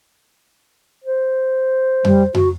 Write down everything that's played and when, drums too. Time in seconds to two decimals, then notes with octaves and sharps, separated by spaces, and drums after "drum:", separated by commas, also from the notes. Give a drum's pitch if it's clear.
1.04 C5
2.04 G3, drum: tom F2
2.34 F#4, drum: tom F2